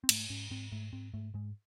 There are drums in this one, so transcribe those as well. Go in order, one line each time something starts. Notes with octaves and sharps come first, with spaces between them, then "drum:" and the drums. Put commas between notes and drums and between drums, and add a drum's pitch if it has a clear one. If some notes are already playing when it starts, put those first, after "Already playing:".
C4
G#2 A3, drum: cymbal
G#2 C#4
G#2 C4
G#2 A3
G#2 C4
G#2 A3
G#2 G#3